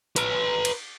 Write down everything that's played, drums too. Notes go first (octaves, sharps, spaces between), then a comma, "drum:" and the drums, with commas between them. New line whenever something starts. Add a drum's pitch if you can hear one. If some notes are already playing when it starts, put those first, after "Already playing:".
B4 A#5, drum: hi-hat
drum: cymbal